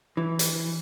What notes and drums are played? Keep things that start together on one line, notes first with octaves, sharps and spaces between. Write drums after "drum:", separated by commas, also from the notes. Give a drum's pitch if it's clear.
E3
drum: hi-hat